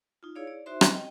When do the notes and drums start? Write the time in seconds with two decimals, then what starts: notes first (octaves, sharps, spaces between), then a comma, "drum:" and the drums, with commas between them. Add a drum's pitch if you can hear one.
0.23 D#4 F4
0.35 E4 G#4 C#5 D5 F5
0.47 D5
0.66 D#4 F#4 C5 E5 C6
0.81 C4 D#5, drum: rim click
0.95 D#5 G5